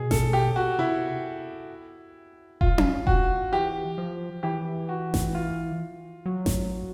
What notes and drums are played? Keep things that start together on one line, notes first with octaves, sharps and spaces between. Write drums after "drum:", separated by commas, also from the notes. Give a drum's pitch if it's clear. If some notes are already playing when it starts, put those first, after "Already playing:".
Already playing: B2 G#4
A4, drum: snare A1
G4
F#4
C3 E4
F4, drum: kick E1
drum: tom C#4
F#4, drum: kick E1
E3 G4
F3
E3 G4
F#4
drum: snare A1
F4
F#3
drum: snare A1